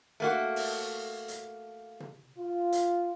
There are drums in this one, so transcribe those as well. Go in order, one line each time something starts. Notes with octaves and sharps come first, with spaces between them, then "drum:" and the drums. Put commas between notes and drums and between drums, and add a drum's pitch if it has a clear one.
A3 A#3 F#4
drum: open hi-hat
drum: hi-hat
drum: tom
F4
drum: hi-hat